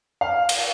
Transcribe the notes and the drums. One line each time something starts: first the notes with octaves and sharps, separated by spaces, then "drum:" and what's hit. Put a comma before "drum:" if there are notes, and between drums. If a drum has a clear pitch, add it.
F5
drum: cymbal